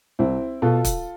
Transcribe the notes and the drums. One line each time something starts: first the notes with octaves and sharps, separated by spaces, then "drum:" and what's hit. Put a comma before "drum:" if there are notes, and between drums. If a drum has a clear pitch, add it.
C2 C4 E4
B2 F4 A4
drum: kick, hi-hat